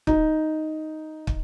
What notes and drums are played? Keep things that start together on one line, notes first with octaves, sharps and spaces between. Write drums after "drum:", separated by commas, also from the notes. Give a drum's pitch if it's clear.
D#4, drum: kick
drum: kick